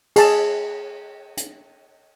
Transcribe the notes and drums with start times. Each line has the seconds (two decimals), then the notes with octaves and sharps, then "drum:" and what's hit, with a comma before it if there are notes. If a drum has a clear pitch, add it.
0.16 G#4 A5, drum: cymbal
1.37 drum: hi-hat